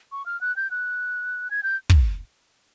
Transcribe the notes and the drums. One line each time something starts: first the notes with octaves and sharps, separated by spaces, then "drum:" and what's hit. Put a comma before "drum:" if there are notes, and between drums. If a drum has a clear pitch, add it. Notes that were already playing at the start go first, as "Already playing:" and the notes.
C#6
F6
F#6
G6
F#6
G#6
G6
drum: kick